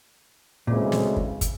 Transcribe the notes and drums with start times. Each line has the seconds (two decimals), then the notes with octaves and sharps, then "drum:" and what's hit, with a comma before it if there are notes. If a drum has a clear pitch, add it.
0.67 D2 A#2 C#3 E3 G#3 C4
0.92 drum: snare
1.17 drum: kick
1.41 drum: kick, hi-hat